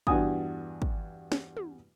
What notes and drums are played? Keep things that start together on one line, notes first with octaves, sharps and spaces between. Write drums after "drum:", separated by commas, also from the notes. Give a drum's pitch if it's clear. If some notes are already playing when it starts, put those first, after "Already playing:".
E2 G2 D4 F#4 G#5 D#6, drum: kick
drum: kick
drum: snare
drum: tom